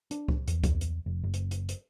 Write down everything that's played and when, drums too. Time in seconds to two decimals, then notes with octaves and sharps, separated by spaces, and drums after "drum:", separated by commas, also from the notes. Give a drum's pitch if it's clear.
0.11 D4, drum: hi-hat
0.28 drum: kick C#2
0.48 E2, drum: hi-hat
0.64 drum: kick C#2, hi-hat
0.81 drum: hi-hat
1.06 F1
1.23 F#1
1.34 drum: hi-hat
1.51 drum: hi-hat
1.69 drum: hi-hat